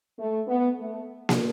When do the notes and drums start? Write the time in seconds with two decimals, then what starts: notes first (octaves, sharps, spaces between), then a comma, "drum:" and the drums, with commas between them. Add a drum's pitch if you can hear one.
0.17 A3
0.47 B3
0.78 A3
1.29 drum: snare A#3